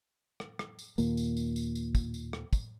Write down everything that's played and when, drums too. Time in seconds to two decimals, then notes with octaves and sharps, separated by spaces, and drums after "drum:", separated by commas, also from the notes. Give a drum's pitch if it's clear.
0.40 drum: rim click
0.59 drum: rim click
0.79 drum: tambourine
0.98 D#2 A#2 A#3, drum: tambourine
1.17 drum: tambourine
1.37 drum: tambourine
1.56 drum: tambourine
1.75 drum: tambourine
1.95 drum: kick, tambourine
2.14 drum: tambourine
2.33 drum: rim click
2.53 drum: kick, tambourine